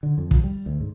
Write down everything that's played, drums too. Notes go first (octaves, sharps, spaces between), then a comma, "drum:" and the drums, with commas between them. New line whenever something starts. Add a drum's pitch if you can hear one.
D3
F2
F3, drum: kick
G3
D2
G#2